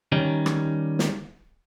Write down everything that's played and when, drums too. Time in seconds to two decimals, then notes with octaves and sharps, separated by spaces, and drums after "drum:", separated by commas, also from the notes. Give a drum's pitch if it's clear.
0.12 D#3 G3 C#4 D#4
0.46 drum: rim click
0.99 drum: snare